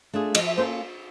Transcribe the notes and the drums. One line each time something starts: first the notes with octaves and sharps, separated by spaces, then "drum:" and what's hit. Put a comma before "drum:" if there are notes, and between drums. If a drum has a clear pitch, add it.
A3 D4 F4 G#4
F3 D#5, drum: cymbal
E5
A#3 C#4 F4 A4 C5